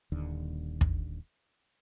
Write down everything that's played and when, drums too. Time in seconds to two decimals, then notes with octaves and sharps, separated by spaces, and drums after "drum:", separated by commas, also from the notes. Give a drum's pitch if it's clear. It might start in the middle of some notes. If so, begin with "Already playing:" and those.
0.12 D#1 D#2 D3
0.81 drum: kick